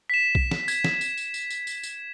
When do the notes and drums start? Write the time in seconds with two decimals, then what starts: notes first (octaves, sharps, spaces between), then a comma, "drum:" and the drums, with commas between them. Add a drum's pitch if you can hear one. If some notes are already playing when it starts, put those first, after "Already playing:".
0.10 B6 E7
0.35 drum: kick B1
0.51 drum: snare
0.68 G#6, drum: tambourine
0.84 drum: snare
1.01 drum: tambourine
1.17 drum: tambourine
1.34 drum: tambourine
1.50 drum: tambourine
1.67 drum: tambourine
1.83 drum: tambourine